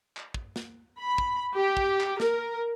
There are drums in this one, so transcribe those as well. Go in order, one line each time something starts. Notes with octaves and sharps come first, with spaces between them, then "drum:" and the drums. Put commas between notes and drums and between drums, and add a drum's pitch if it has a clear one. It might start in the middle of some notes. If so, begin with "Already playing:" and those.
drum: clap
drum: kick
drum: snare
B5
drum: kick
G4
drum: kick
drum: clap
A#4, drum: snare